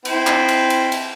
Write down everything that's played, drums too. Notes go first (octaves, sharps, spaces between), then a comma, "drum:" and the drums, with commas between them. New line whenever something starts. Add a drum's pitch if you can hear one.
C4 E4, drum: cymbal
drum: clap
drum: cymbal
drum: cymbal
drum: cymbal